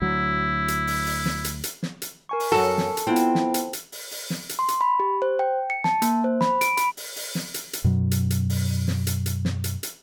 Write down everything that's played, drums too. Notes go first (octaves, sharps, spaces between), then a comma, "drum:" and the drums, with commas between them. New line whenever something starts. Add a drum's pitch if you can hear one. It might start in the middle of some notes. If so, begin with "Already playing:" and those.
D2 F#3 E4
drum: hi-hat
drum: open hi-hat
drum: open hi-hat
drum: snare
drum: hi-hat
drum: hi-hat
drum: snare
drum: hi-hat
A#4 G#5 C#6
drum: open hi-hat
F#2 F#4 A4
drum: snare
drum: hi-hat
B3 C4 E4 F4
drum: hi-hat
drum: snare
drum: hi-hat
drum: hi-hat
drum: open hi-hat
drum: open hi-hat
drum: snare
drum: hi-hat
C6
drum: hi-hat
B5
G4
C5
G5
C#7
A5, drum: snare
A#3, drum: hi-hat
C5
B5, drum: snare
D7, drum: hi-hat
B5, drum: hi-hat
drum: open hi-hat
drum: open hi-hat
drum: snare
drum: hi-hat
drum: hi-hat
F#2 B2 F#3
drum: hi-hat
drum: hi-hat
drum: open hi-hat
drum: snare
drum: hi-hat
drum: hi-hat
drum: snare
drum: hi-hat
drum: hi-hat